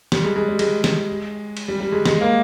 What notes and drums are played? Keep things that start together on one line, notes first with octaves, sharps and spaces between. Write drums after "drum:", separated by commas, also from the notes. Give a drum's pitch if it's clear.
G3, drum: snare
G#3
G#3
G3
G#3, drum: cymbal
drum: snare
drum: cymbal
G3
G3
G#3
G#3, drum: snare
A#3